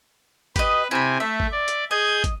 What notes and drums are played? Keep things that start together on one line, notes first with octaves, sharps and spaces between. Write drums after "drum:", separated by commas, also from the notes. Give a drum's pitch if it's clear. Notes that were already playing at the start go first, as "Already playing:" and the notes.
G4 B4 D#5, drum: kick, hi-hat
C3 E4 G#5 B5
A3 E5
drum: kick
D5
drum: hi-hat
G#4 D#5 G6 G#6
drum: kick, hi-hat